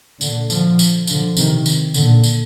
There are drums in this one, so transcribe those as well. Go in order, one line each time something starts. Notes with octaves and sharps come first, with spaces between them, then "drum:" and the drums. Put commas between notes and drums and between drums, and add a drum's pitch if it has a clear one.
A#2 D3, drum: tambourine
D3 F3, drum: tambourine
drum: tambourine
D3 F3, drum: tambourine
C3 D#3, drum: tambourine
drum: tambourine
A#2 D3, drum: tambourine
drum: tambourine